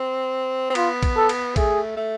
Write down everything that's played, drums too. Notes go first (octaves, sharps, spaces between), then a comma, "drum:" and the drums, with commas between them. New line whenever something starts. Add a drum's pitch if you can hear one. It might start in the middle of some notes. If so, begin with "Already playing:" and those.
Already playing: C4
C4
B3 F4, drum: cymbal
drum: kick, cymbal
A4
drum: cymbal
A3 G#4, drum: kick, cymbal
A3